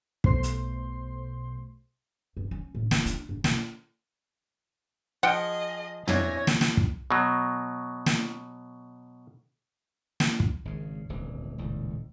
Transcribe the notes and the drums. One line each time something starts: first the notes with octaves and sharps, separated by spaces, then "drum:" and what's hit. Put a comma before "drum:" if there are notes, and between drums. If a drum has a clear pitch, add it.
B1 B2 A3 C5 C6, drum: kick
drum: hi-hat
G2
C#4
A2
D3, drum: snare
D4, drum: hi-hat
G#2
B2, drum: snare
F3 G#4 D#5 F#5 G5
C4 D4 E4 C#5 G#5 A#6, drum: tom
drum: snare
drum: snare
drum: kick
B2 F#3
drum: snare
drum: snare
drum: kick
G#1 C#3
D#1 G#1 D2 E3
D#1 C#2 A2